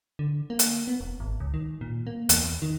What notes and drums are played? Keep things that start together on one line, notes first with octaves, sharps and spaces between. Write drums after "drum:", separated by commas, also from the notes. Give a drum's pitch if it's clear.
D3
A#3
drum: hi-hat
B3
E1
G#1
C#2
D#3
A#2
A#3
E2, drum: hi-hat
E2
D#3